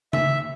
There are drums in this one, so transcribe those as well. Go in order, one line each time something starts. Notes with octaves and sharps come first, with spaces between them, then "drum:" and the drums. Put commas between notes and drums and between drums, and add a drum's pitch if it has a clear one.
E5, drum: tom C#3